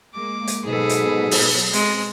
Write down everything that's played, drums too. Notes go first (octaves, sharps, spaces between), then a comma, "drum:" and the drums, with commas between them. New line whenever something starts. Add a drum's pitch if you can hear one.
G#3 A#3 D6
drum: hi-hat
G#2 B2 F#3 G#4 A4 B4
drum: hi-hat
drum: open hi-hat
G#3 C4, drum: hi-hat